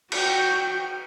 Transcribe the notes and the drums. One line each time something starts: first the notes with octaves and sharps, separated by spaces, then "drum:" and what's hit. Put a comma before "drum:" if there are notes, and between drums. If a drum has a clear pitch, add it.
F#4 G5, drum: cymbal